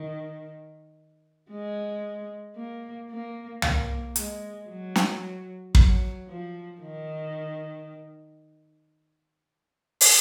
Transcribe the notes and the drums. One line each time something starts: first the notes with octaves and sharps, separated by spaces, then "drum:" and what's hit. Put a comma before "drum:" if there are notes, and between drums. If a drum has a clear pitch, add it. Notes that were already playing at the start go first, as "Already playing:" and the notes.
Already playing: D#3
G#3
A#3
A#3
A#3, drum: tom
G#3, drum: hi-hat
F#3
drum: snare
F#3, drum: kick
F3
D#3
drum: open hi-hat